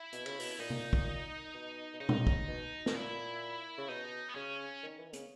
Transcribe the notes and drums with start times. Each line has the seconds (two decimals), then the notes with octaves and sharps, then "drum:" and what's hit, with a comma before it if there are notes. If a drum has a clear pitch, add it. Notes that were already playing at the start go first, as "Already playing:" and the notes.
Already playing: E4
0.13 B2, drum: hi-hat
0.26 C#3, drum: cymbal
0.39 B2, drum: open hi-hat
0.59 A#2 D#4
0.70 drum: tom C3
0.93 drum: kick
1.54 B2
1.93 B2
2.00 C#3 D#4
2.09 drum: tom A#2
2.27 drum: kick
2.48 B2
2.86 B2, drum: snare
2.94 A#2 E4
3.78 C#3
3.89 B2 D#4
4.29 B3
4.35 C#3 C#4
4.83 D#3
4.99 E3
5.08 D#3
5.13 C#3, drum: hi-hat